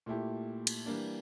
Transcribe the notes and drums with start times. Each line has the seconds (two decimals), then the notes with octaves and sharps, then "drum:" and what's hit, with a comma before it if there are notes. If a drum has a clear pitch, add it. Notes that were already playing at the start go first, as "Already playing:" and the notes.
0.06 A#2 A3 E4 G4
0.67 drum: cymbal
0.86 E3 G3 A#3 D4